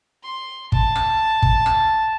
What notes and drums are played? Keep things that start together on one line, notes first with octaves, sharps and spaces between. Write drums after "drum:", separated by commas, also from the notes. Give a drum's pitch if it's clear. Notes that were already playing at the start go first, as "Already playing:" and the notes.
C6
A5, drum: kick
drum: rim click
drum: kick
drum: rim click